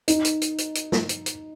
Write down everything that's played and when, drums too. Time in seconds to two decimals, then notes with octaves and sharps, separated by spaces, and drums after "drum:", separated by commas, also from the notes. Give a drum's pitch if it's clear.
0.08 D#4, drum: hi-hat
0.25 drum: hi-hat
0.41 drum: hi-hat
0.58 drum: hi-hat
0.75 drum: hi-hat
0.92 drum: snare
1.09 drum: hi-hat
1.26 drum: hi-hat